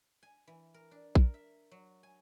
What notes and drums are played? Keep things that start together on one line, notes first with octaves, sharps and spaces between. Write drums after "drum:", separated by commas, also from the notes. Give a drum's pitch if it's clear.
G#5
E3
A#4
D4
A#4, drum: kick A#1
E5
F#3
G#5